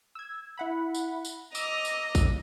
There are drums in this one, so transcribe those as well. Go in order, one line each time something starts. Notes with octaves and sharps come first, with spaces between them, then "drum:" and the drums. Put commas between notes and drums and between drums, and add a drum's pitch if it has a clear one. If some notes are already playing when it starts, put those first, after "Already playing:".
E6 G#6
E4 F#5 B5
drum: tambourine
drum: tambourine
D#5 A#5 D6 E6, drum: tambourine
drum: tambourine
drum: kick, tambourine